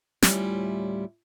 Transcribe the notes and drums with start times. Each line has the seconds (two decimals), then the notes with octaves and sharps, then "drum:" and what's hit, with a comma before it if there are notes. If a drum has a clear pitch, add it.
0.22 D2 A2 G3 C#4 E4 F4, drum: snare